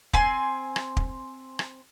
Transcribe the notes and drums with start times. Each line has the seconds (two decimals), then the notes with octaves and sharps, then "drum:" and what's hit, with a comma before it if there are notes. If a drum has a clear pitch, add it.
0.13 C4 G#5 C6, drum: kick
0.76 drum: rim click
0.97 drum: kick
1.59 drum: rim click